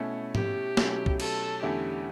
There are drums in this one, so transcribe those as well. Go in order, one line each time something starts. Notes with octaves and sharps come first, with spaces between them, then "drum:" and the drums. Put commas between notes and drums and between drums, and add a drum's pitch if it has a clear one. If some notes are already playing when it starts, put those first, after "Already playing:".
Already playing: B2 A3 C#4 E4
G4, drum: tom G#2
B2 F#3 A3 C#4 E4, drum: snare
drum: kick C2
A4, drum: cymbal
E2 D3 A3 C#4 E4 G4